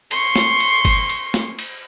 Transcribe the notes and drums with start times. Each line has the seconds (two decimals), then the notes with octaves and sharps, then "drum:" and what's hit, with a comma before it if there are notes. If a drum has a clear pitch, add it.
0.11 C6 C#6, drum: cymbal
0.36 drum: snare
0.60 drum: cymbal
0.85 drum: kick G1, cymbal
1.09 drum: cymbal
1.34 drum: snare
1.59 drum: cymbal